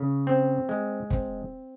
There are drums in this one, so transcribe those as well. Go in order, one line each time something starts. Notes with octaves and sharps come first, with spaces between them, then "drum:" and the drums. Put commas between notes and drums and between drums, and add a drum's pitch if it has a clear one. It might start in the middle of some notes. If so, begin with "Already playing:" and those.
Already playing: C#3
C4
G#3
C4, drum: kick